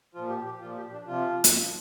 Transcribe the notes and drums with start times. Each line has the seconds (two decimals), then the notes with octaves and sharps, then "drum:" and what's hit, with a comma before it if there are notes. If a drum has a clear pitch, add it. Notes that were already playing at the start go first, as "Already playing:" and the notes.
0.15 A#2 F3 F4
0.29 G4
0.45 G4
0.61 A#2 F3 F4
0.77 G4
0.92 D4
1.07 C3 F3 F4
1.44 drum: hi-hat
1.54 A#2 F3